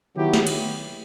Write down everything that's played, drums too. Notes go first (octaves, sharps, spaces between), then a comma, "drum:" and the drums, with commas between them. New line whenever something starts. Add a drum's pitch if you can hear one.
D#3 F#3 B3 E4 G4
drum: snare
drum: cymbal